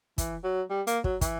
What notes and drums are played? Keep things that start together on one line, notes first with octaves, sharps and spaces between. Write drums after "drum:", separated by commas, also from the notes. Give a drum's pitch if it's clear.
E3, drum: kick, hi-hat
F#3
G3
A#3, drum: hi-hat
F#3, drum: kick
E3, drum: kick, hi-hat